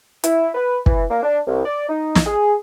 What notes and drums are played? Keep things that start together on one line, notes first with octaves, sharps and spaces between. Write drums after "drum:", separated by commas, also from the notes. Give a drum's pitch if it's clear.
E4, drum: hi-hat
B4
E3, drum: kick
A#3
D4
C2
D5
D#4
drum: snare
G#4